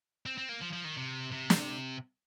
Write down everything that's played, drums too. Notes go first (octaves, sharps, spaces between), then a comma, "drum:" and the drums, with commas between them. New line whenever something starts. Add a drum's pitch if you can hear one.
C4
C4
A#3
F3
F3
D#3
C3
C3
drum: snare